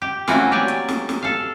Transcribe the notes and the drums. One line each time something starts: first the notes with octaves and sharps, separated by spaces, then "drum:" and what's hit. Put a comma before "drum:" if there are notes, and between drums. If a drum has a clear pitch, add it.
G4
E3 A3 A#3 C4 C#4 F#4, drum: snare
F#3 G4 D5 G#5
drum: hi-hat
drum: snare
drum: snare
A4 F5